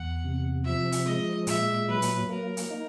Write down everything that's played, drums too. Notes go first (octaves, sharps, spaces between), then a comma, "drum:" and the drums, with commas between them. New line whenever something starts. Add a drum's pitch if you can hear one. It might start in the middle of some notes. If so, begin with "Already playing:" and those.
Already playing: E2 F#5
C3
F3 E5
drum: hi-hat
G#3 D#5
A#2 E5, drum: hi-hat
F#3 B4
drum: hi-hat
A#3 A#4
drum: hi-hat
D#4